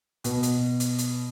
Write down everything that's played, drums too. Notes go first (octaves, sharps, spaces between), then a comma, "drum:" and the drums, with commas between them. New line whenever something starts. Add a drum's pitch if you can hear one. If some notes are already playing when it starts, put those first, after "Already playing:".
B2, drum: hi-hat
drum: hi-hat
drum: hi-hat
drum: hi-hat